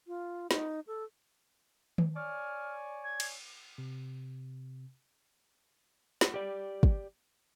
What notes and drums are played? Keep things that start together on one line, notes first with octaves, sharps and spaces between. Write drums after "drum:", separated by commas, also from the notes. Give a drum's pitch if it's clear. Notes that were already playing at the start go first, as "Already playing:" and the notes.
F4
D#4, drum: snare
A4
drum: tom D#3
C#5 D5 G#5 F6
G#6
drum: cymbal
C3
drum: snare
G4 D5
drum: kick